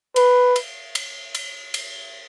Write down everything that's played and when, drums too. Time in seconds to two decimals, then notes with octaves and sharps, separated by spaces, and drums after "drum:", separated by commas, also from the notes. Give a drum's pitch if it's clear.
0.16 B4, drum: cymbal
0.56 drum: cymbal
0.95 drum: cymbal
1.35 drum: cymbal
1.74 drum: cymbal